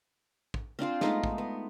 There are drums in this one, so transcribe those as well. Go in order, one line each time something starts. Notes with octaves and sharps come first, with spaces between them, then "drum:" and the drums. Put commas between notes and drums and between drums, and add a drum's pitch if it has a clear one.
drum: kick
C4 D4 F4 C5
G#3 A3 B3 D#4, drum: snare
drum: kick
B3